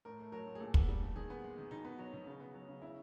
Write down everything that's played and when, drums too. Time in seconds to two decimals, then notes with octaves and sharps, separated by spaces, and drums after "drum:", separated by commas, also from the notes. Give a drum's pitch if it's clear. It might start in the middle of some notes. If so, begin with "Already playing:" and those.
0.05 A2 A#4
0.19 A3
0.32 F#3 A#4
0.47 A2
0.55 G#4
0.60 A#2 A4
0.74 B3, drum: kick
0.89 G3
1.02 A#2
1.16 D#3 G#4
1.30 B3
1.44 G#3
1.58 D#3
1.71 B2 D#4
1.85 B3
1.99 F#3
2.13 B2
2.26 C#3
2.40 B3
2.54 F#3
2.68 C#3
2.82 C#3 E4